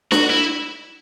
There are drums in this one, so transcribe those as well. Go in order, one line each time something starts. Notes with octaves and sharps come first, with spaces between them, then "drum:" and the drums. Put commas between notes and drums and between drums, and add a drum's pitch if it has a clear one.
F#4, drum: snare D4
E4